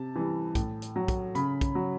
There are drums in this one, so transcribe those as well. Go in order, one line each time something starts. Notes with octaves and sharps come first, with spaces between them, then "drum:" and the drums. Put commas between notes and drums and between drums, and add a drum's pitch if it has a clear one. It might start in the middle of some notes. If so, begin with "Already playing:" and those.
Already playing: C3 A5
E3 G3
A2, drum: kick, hi-hat
drum: hi-hat
F#3
drum: kick, hi-hat
C#3 B5, drum: hi-hat
drum: kick, hi-hat
F#3